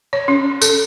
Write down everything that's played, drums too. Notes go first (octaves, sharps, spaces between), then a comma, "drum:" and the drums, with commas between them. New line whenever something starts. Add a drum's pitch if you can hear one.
C#5
C#4
A4, drum: tambourine